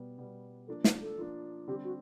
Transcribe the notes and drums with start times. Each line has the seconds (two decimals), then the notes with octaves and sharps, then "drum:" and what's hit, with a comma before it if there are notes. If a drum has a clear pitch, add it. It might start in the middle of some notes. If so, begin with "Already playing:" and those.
Already playing: B2 G3 B3
0.18 B2 G3 B3
0.67 F3 A#3 D4 A4
0.84 B4, drum: snare
1.01 A4
1.18 F3 A#3 D4
1.67 D3 G3 C4 G4
1.84 F#4